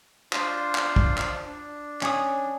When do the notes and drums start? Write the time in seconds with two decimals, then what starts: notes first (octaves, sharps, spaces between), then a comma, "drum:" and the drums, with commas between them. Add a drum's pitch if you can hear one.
0.33 D4 F4 C5, drum: clap
0.75 drum: clap
0.96 drum: kick
1.18 drum: clap
1.46 D4
2.01 C#4 G#5 D#6, drum: clap